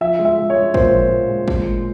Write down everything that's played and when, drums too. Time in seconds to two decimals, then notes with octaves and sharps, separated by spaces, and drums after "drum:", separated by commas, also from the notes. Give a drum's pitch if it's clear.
0.01 F3 E5
0.19 G#3
0.25 E5
0.38 G#3
0.50 C#5
0.55 G#3
0.74 A#2 C5, drum: kick
0.93 F3
1.11 A#2
1.29 G#3
1.48 A#2, drum: kick
1.65 G#3